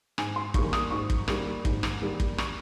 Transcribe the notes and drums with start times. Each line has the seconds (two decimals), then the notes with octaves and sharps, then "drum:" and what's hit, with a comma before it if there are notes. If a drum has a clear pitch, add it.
0.18 G#2 G#5, drum: rim click
0.36 C6
0.54 D#3 G3 A#3 C#6, drum: kick
0.73 D#6, drum: rim click
0.91 G#2 C#6
1.10 drum: kick
1.28 D#3 G3 A#3, drum: rim click
1.65 G#2, drum: kick
1.83 drum: rim click
2.02 D#3 G3 A#3
2.20 drum: kick
2.38 C#6, drum: rim click